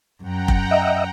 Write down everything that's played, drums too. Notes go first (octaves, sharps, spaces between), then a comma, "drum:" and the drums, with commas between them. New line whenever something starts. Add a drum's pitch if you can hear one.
F#2 F#5 G5 A#5
drum: kick F1
D#5 E5